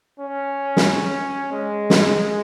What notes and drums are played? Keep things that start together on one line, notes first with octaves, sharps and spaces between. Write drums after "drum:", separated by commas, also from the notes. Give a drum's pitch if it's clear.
C#4
drum: snare
G#3
drum: snare